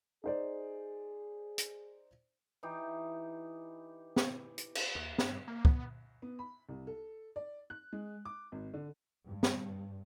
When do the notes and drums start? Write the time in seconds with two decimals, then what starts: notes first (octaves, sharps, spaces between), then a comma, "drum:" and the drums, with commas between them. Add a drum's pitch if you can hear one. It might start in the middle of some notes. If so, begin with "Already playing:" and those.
0.24 D#4 G#4 C5 D5
1.58 drum: hi-hat
2.63 E3 D#4 G4
4.16 drum: snare
4.58 drum: hi-hat
4.75 drum: cymbal
4.95 D#2
5.18 G2, drum: snare
5.48 A#3
5.65 B3, drum: kick
6.22 B3
6.39 B5
6.69 C2
6.87 A4
7.36 D5
7.70 F#6
7.93 G#3
8.25 D6
8.52 G#1
8.74 D3
9.25 G2
9.43 drum: snare